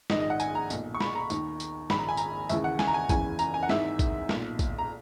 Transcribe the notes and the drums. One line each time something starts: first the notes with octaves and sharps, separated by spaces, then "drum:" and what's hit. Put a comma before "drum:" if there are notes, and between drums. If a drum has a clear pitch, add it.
A#1 G#2 D#3 D#5, drum: snare
D#5
F#5
G#5, drum: tambourine
A#5
B1 A#2, drum: tambourine
C#6
B5, drum: snare
A#5
D#2 D#3, drum: tambourine
drum: tambourine
A#1 G#2 D#3 B5, drum: snare
A#5
G#5
A#5, drum: tambourine
D#2 C#3 E3 E5, drum: tambourine
F#5
G#5, drum: snare
A#5
G#5
F#1 E2 C#3 E3 G#5, drum: kick, tambourine
A#5, drum: tambourine
G#5
F#5
G#1 G#2 E3 E5, drum: snare
drum: kick, tambourine
B1 A#2, drum: snare
drum: kick, tambourine
A#5